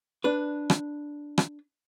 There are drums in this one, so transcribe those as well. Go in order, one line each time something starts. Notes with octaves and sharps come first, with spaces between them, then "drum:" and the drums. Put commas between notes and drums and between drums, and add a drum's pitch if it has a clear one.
D4 B4
drum: rim click
drum: rim click